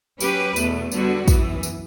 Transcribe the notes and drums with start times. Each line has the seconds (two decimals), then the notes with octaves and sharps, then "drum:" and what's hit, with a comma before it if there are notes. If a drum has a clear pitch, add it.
0.20 F#3 C#4 G4 B4, drum: tambourine
0.56 E2 B2 A3, drum: tambourine
0.92 D3 G3 B3 F#4, drum: tambourine
1.28 F#2 E3 B3, drum: kick, tambourine
1.63 drum: tambourine